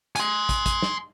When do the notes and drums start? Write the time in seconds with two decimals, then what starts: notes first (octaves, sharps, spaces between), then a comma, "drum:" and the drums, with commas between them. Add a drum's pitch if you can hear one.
0.16 G#5 C6, drum: hi-hat
0.49 drum: kick, hi-hat
0.66 drum: kick, hi-hat
0.82 drum: snare